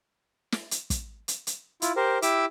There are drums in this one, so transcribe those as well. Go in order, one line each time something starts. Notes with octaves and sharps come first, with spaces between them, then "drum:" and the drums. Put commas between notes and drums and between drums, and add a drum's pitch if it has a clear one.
drum: snare
drum: hi-hat
drum: kick, hi-hat
drum: hi-hat
drum: hi-hat
E4 F4, drum: hi-hat
G4 A#4 C5
E4 G4 E5 D6 E6, drum: hi-hat